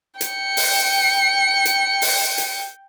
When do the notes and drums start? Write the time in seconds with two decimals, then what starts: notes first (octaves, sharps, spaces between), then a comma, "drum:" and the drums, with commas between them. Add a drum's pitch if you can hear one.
0.21 G5 C#7, drum: hi-hat
0.57 drum: open hi-hat
1.65 drum: hi-hat
2.02 drum: open hi-hat
2.38 drum: hi-hat